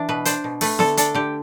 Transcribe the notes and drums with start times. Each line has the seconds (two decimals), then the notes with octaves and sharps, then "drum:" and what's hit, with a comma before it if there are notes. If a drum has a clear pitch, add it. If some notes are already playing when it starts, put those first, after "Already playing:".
Already playing: E3 D4
0.09 B2 B4
0.25 D4 C5, drum: hi-hat
0.44 B2
0.61 A3 B4, drum: open hi-hat
0.79 D3 A4, drum: snare B3
0.97 D4 A4, drum: hi-hat
1.14 D3 G4